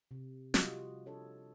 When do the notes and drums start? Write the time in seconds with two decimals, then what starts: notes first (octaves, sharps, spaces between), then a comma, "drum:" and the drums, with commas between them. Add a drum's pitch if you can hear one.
0.11 C3
0.54 F3 G3 F4 F#4 D#5, drum: snare
1.06 D4 A4 C#5